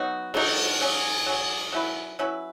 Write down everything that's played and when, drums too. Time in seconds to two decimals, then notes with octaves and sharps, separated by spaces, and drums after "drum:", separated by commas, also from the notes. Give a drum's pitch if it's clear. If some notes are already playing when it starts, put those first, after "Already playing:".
Already playing: F#3 B3 D#4 F#4
0.34 F#3 B3 D#4 F#4, drum: cymbal
0.81 F#3 C#4 G#4
1.26 F#3 C#4 G#4
1.72 F#3 C#4 E4 B4
2.19 F#3 C#4 E4 B4